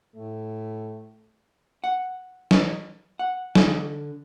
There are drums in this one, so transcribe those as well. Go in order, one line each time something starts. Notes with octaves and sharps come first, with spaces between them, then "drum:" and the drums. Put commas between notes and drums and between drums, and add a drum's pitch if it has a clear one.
A2 A3
F#5
drum: snare
F#5
D3, drum: snare